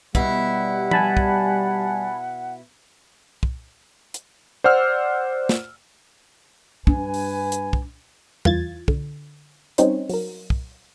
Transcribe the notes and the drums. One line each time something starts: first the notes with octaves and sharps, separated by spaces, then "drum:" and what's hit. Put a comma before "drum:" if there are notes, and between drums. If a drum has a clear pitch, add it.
B2 G3 E4 F#5, drum: kick
G#5 A5 B5, drum: tom
drum: kick
drum: kick
drum: hi-hat
C5 D5 F#5 E6 F6
drum: snare
G2 D4 B4 G#5, drum: kick
drum: open hi-hat
drum: hi-hat
drum: kick
E3 F4 G#6 A6, drum: tom E2
D3, drum: kick
G3 C4 C#4 D#4 C5 C#5, drum: hi-hat
F#3 A#4, drum: open hi-hat
drum: kick